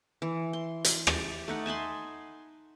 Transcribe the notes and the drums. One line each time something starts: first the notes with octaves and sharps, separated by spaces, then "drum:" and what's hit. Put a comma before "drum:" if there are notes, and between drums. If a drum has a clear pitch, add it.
E3
C6
drum: hi-hat
G4 D5, drum: rim click
A3 D#4 F#5
G#5 A5 B5 C6